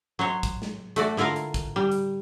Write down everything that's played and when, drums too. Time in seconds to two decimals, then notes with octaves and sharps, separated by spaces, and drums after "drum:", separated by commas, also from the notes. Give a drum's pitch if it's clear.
0.19 F#3 C5 C#5
0.43 drum: kick, hi-hat
0.62 drum: snare
0.96 A3 F#4 D5, drum: hi-hat
1.17 D3 E4 F4 A#4 F5, drum: snare
1.36 drum: hi-hat
1.54 drum: kick, hi-hat
1.76 G3
1.91 drum: hi-hat